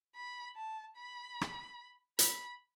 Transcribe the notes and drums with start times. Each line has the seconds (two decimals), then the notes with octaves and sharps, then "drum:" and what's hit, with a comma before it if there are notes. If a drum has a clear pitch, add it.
0.15 B5
0.56 A5
0.96 B5
1.41 drum: rim click
2.19 B5, drum: hi-hat